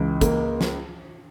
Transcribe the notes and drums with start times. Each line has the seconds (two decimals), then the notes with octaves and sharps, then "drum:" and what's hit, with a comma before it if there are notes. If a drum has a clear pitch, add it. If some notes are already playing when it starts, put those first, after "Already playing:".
Already playing: C#2 E3
0.21 A#3, drum: kick, hi-hat
0.61 drum: snare